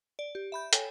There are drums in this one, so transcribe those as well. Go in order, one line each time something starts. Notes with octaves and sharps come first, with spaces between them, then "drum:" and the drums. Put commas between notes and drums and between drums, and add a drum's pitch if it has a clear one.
D5
G4
E5 B5 G6
A4 C#5 G5 G#5, drum: hi-hat